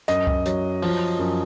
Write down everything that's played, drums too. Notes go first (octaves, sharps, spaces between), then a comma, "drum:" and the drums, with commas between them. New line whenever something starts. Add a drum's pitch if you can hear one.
F#2 D#5, drum: hi-hat
drum: kick C2
F#3, drum: hi-hat
F3, drum: open hi-hat
F#2